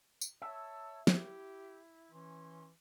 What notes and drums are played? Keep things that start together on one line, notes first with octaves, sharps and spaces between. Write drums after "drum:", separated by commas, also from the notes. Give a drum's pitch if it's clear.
drum: tambourine
C#5 E5 A5 E6
E4 G4, drum: snare
E3 C#4 C6